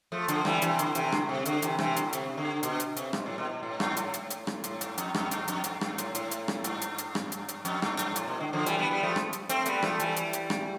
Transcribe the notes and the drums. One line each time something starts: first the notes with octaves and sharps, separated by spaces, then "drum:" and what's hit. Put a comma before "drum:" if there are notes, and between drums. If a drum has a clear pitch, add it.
F3 A3
D3 F3, drum: hi-hat
E3 G3, drum: rim click
C3 E3, drum: hi-hat
D3, drum: hi-hat
C3 E3, drum: hi-hat
D3, drum: rim click
C3
D3, drum: hi-hat
C3 E3, drum: hi-hat
C3 E3, drum: rim click
D3, drum: hi-hat
C3, drum: hi-hat
D3
B2, drum: hi-hat
drum: hi-hat
C3, drum: hi-hat
B2, drum: rim click
A2
B2
B2
A2
G2, drum: rim click
A2, drum: hi-hat
drum: hi-hat
drum: hi-hat
drum: rim click
A2, drum: hi-hat
G2, drum: hi-hat
F2, drum: hi-hat
F2, drum: rim click
G2, drum: hi-hat
F2, drum: hi-hat
G2, drum: hi-hat
G2, drum: rim click
A2, drum: hi-hat
A2, drum: hi-hat
drum: hi-hat
drum: rim click
G2, drum: hi-hat
drum: hi-hat
drum: hi-hat
drum: rim click
drum: hi-hat
drum: hi-hat
F2, drum: hi-hat
G2, drum: rim click
G2, drum: hi-hat
A2, drum: hi-hat
B2
D3
D3 F3
E3 G3, drum: hi-hat
G3 B3
G3 B3
F3 A3
drum: rim click
drum: hi-hat
A3 C4, drum: hi-hat
G3 B3, drum: hi-hat
F3 A3, drum: rim click
E3 G3, drum: hi-hat
drum: hi-hat
drum: hi-hat
drum: rim click